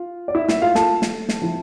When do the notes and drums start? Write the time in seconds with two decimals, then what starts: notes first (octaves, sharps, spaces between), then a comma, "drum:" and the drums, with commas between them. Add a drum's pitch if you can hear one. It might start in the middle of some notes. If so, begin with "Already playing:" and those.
Already playing: F4
0.28 D5
0.35 E4 E5
0.48 E4 E5, drum: snare
0.62 F4 F5
0.75 A4 A5, drum: snare
1.02 drum: snare
1.29 drum: snare
1.42 F3 C4 E4